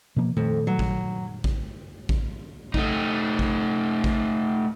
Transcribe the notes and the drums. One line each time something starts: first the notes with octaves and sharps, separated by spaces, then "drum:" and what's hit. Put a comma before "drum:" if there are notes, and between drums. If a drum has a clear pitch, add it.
B2 F3 A#3
F2 A#2 D#3 A3
F#3
drum: kick A1
drum: kick A1
drum: kick A1
A3 D#4, drum: kick A1
drum: kick A1
drum: kick A1